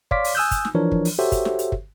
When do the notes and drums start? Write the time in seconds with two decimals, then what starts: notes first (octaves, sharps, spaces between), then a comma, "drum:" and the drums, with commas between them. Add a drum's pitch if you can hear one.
0.11 C#5 D5 F5 C6 D6 B6, drum: kick
0.24 drum: open hi-hat
0.35 G#5 D#6 E6 F#6 G6
0.51 drum: kick, hi-hat
0.65 drum: snare
0.75 E3 F3 D4 A#4 C#5
0.92 drum: kick
1.05 drum: open hi-hat
1.19 F#4 G4 A4 C5 C#5 E5
1.32 drum: kick, hi-hat
1.45 drum: snare
1.59 drum: hi-hat
1.72 drum: kick